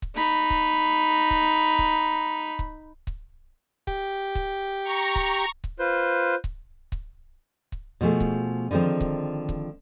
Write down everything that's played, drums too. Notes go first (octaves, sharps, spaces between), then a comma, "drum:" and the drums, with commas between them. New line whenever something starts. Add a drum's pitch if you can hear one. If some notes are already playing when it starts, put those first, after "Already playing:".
drum: kick C#1
D#4 B5
drum: kick C#1
drum: kick C#1
drum: kick C#1
drum: kick C#1
drum: kick C#1
G4, drum: kick C#1
drum: kick C#1
A#5 C#6
drum: kick C#1
drum: kick C#1
F4 B4 C5 G6
drum: kick C#1
drum: kick C#1
drum: kick C#1
B2 F3 A3 G#4
drum: kick C#1
D3 D#3 F3 G#3 C4
drum: kick C#1
drum: kick C#1